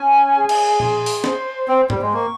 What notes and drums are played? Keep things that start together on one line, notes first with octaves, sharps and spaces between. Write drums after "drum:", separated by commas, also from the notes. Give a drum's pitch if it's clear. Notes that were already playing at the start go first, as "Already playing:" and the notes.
Already playing: C#4 G#5
G#4
drum: cymbal
C6, drum: tom
drum: open hi-hat
C5, drum: snare
C4 G5
G3, drum: tom G#2
G#3
A#3 C#6